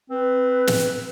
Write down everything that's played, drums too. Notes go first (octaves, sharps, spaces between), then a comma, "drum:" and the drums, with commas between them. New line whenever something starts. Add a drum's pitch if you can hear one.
C4 B4
drum: snare